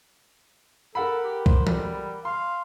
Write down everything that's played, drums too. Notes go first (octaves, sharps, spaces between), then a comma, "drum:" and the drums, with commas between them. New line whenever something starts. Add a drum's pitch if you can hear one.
A4 A#4 F#5 B5
G4
C5, drum: kick
G3, drum: tom E3
F5 C6